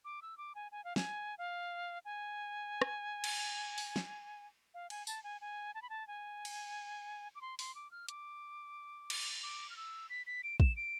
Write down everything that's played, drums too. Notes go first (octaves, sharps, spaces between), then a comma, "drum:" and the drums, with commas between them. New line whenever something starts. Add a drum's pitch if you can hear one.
D6
E6
D6
G#5
G#5
F5
G#5, drum: snare
F5
G#5
drum: rim click
drum: cymbal
drum: open hi-hat
drum: snare
F5
G#5, drum: cymbal
A5, drum: tambourine
G#5
G#5
A5
B5
A5
G#5
drum: cymbal
D6
C6
C6, drum: open hi-hat
D6
F6
D6, drum: hi-hat
drum: cymbal
D6
F6
E6
B6
B6
D7
E7, drum: kick
D7